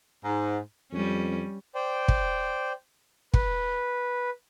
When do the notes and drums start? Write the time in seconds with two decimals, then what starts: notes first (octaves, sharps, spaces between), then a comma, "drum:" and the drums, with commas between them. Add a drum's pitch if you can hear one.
0.24 G#2
0.92 F2 G3 C#4
1.75 C5 D5 G5
2.08 drum: kick
3.34 B4, drum: kick